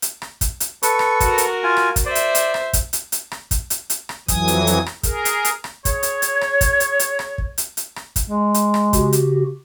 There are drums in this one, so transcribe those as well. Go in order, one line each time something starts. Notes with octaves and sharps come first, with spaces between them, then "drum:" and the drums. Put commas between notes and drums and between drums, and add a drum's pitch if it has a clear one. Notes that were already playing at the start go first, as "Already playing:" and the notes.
drum: hi-hat
drum: rim click
drum: kick, hi-hat
drum: hi-hat
A4 B4 C#6, drum: hi-hat
drum: rim click
F#4 A#4, drum: kick, hi-hat
drum: hi-hat
F4 G#5
drum: rim click
drum: kick, hi-hat
C5 D5 E5
drum: hi-hat
drum: hi-hat
drum: rim click
drum: kick, hi-hat
drum: hi-hat
drum: hi-hat
drum: rim click
drum: kick, hi-hat
drum: hi-hat
drum: hi-hat
drum: rim click
F2 E3 F#3 G#5 D#6, drum: kick, hi-hat
drum: hi-hat
drum: hi-hat
drum: rim click
G#4 A#4, drum: kick, hi-hat
drum: hi-hat
drum: hi-hat
drum: rim click
G#4 C#5, drum: kick, hi-hat
drum: hi-hat
drum: hi-hat
drum: rim click
drum: kick, hi-hat
drum: hi-hat
drum: hi-hat
drum: rim click
drum: kick
drum: hi-hat
drum: hi-hat
drum: rim click
drum: kick, hi-hat
G#3
drum: hi-hat
drum: rim click
C#3 F#4 G4, drum: kick, hi-hat
drum: hi-hat